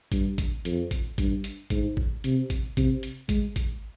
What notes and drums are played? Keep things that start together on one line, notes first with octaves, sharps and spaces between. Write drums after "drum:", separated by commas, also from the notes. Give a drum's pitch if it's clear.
G2, drum: kick, hi-hat
drum: kick, hi-hat
F2, drum: hi-hat
drum: kick, hi-hat
G2, drum: kick, hi-hat
drum: hi-hat
G#2, drum: kick, hi-hat
drum: kick
C3, drum: hi-hat
drum: kick, hi-hat
C3, drum: kick, hi-hat
drum: hi-hat
G#3, drum: kick, hi-hat
drum: kick, hi-hat